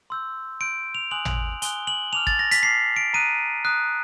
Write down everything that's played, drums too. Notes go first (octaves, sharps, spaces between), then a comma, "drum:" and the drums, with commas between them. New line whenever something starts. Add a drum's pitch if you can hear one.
C6 E6 G6
C6 E6 G6 D7
F7
G#5 C6 D#6 F#6 F#7
drum: tom
G#5 C6 D#6 F#6 G7, drum: hi-hat
F#7
A5 D6 F6 F7
A6, drum: kick
A#6
B6, drum: hi-hat
A5 D6 F6 C7
D7
A#5 D#6 F#6 D#7
A#5 D#6 F#6